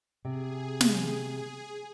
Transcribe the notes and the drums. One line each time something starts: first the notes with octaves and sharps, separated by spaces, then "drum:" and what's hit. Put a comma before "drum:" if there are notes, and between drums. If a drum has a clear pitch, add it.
C3 G#4
drum: snare